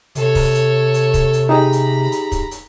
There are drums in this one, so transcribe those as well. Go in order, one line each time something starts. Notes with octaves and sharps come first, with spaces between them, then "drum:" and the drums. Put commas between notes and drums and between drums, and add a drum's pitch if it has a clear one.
C3 A4 C#5, drum: hi-hat
drum: kick, open hi-hat
drum: hi-hat
drum: hi-hat
drum: kick, hi-hat
drum: hi-hat
D#4 G4 G#4 A#5 B5
drum: hi-hat
drum: hi-hat
drum: kick, hi-hat
drum: hi-hat